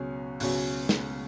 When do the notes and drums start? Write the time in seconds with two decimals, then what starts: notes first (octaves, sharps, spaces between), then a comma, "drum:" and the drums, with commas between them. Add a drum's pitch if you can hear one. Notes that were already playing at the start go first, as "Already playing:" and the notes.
Already playing: C#2 B2 F#3 C#4
0.40 C#2 B2 F#3 C#4, drum: open hi-hat
0.89 drum: snare